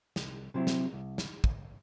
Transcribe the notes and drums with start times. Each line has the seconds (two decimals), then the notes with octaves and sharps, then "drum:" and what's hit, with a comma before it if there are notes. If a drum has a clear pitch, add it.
0.16 C2, drum: snare
0.54 C3 F#3 C4 E4
0.67 drum: snare
0.93 C2
1.18 drum: snare
1.44 drum: kick